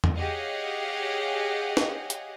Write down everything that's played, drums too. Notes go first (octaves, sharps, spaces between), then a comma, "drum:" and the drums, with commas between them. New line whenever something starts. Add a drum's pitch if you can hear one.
drum: tom E2
G4 G#4 C#5 D#5 F5 F#5
drum: snare
drum: hi-hat